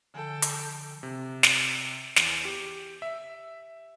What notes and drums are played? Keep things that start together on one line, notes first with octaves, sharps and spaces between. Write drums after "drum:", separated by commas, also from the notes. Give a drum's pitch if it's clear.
D3 F3 A4 G5 G#5
drum: hi-hat
C3
drum: snare
E2, drum: snare
G4
E5